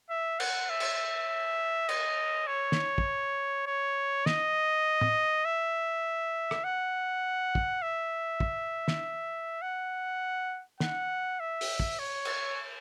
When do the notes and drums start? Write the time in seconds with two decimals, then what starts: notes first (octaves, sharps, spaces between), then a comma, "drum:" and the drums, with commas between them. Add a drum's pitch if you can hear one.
0.10 E5
0.40 F#5, drum: cymbal
0.70 E5
0.80 drum: cymbal
1.89 D#5, drum: cymbal
2.47 C#5
2.72 drum: snare
2.98 drum: kick
3.67 C#5
4.26 D#5, drum: snare
5.01 drum: tom
5.45 E5
6.51 drum: rim click
6.64 F#5
7.55 drum: kick
7.83 E5
8.40 drum: kick
8.88 drum: snare
9.62 F#5
10.80 F#5, drum: snare
11.40 E5
11.61 drum: open hi-hat
11.80 drum: kick
12.00 C#5
12.25 drum: cymbal